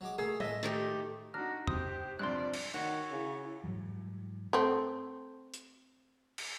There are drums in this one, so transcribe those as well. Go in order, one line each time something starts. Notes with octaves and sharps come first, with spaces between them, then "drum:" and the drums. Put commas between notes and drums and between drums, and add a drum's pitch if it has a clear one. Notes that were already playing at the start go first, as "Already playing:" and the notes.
F#3 G#3 D6
A3 G#4 A#4
A2 G#3 A4 D#5 E5, drum: tom
D#3 A3 G4
D4 D#4 F#4 A#5 F6
G4 C5 D#6, drum: tom E2
G2 C3 F3 D5 C6 F#6
drum: cymbal
D#3 F#4 C#5
C#3 E4
G#2 E3 F#3 G3
A3 C4
drum: hi-hat
drum: cymbal